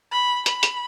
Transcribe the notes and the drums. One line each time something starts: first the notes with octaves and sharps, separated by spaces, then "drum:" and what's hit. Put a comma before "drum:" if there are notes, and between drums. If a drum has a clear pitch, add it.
B5
B5, drum: hi-hat
drum: hi-hat